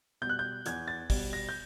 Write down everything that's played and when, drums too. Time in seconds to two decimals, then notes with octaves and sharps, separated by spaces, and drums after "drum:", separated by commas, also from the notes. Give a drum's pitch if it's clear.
0.22 B2 G3 G6
0.29 F#6
0.39 G6
0.66 E2 G#6, drum: hi-hat
0.88 A6
1.10 B2 G3, drum: kick, open hi-hat
1.33 A#6
1.49 G6